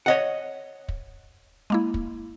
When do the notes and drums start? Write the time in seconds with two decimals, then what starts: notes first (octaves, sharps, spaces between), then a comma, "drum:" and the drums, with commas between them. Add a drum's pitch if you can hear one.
0.06 C#5 D#5 F#5
0.88 drum: kick
1.70 G#3 A#3 E4
1.94 drum: kick